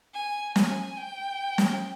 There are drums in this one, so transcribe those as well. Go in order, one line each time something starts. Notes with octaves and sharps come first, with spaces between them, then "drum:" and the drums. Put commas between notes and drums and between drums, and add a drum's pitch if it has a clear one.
G#5
G#5, drum: snare
G5
drum: snare